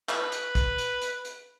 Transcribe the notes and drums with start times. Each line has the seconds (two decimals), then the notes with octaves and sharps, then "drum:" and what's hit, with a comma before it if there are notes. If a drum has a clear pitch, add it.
0.09 B4, drum: clap
0.32 drum: hi-hat
0.55 drum: kick, hi-hat
0.78 drum: hi-hat
1.02 drum: hi-hat
1.25 drum: hi-hat